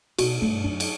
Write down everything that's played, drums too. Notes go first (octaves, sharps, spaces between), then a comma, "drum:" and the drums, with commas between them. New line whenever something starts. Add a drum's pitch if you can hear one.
B2 F#4, drum: cymbal
G2 A3
F#2 D4
drum: cymbal